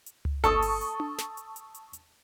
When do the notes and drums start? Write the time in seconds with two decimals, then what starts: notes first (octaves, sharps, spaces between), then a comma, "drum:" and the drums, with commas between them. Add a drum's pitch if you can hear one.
0.06 drum: hi-hat
0.25 drum: tom C#2
0.44 A4 A5 C#6 D#6, drum: kick G1, hi-hat
0.62 drum: open hi-hat
0.81 drum: hi-hat
1.00 drum: tom D4
1.18 drum: snare
1.37 drum: hi-hat
1.56 drum: hi-hat
1.75 drum: hi-hat
1.93 drum: hi-hat